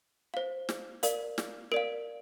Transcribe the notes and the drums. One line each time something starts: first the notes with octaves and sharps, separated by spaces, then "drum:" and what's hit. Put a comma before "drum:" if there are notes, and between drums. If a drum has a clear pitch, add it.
C5 F5
drum: snare
A#4 D5 F5, drum: hi-hat
drum: snare
A#4 D5 F5 D7